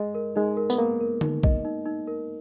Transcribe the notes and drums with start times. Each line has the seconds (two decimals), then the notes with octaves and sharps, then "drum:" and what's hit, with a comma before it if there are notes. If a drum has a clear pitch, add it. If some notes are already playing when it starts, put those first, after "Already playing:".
Already playing: G#3 D#5
0.15 A#4
0.36 G#3 D#4
0.57 A#4
0.70 B3, drum: tambourine
0.78 A#3 A#4
1.01 A#4
1.21 D#4, drum: tom D3
1.43 D#5, drum: kick
1.65 D#4
1.86 D#4
2.07 A#4